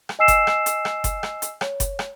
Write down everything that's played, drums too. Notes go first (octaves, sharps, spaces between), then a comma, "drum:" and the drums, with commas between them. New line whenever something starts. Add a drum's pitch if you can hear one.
drum: rim click
D#5 G#5 E6 C7 E7
drum: kick F#1, hi-hat
drum: rim click
drum: hi-hat
drum: rim click
drum: kick F#1, hi-hat
drum: rim click
drum: hi-hat
C#5, drum: rim click
drum: kick F#1, hi-hat
drum: rim click